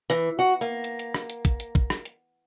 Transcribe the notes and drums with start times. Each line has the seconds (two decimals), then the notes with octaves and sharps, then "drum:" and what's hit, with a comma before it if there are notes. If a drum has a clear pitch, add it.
0.10 E3
0.39 F#4
0.61 A#3
0.84 drum: hi-hat
0.99 drum: hi-hat
1.14 drum: rim click
1.30 drum: hi-hat
1.45 drum: kick, hi-hat
1.60 drum: hi-hat
1.75 drum: kick
1.90 drum: rim click
2.05 drum: hi-hat